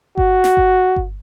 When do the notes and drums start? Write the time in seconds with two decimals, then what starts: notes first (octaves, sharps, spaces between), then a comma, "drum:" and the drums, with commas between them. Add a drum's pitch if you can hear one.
0.18 F#4, drum: kick G1
0.44 drum: snare
0.57 drum: kick G1
0.96 drum: kick G1